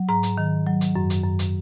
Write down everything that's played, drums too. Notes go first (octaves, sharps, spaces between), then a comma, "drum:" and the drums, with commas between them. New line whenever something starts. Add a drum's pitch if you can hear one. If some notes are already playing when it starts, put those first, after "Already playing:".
Already playing: F#3
G#2 A#5
drum: hi-hat
D#3
F#3
drum: hi-hat
F#2
drum: hi-hat
F#2
drum: hi-hat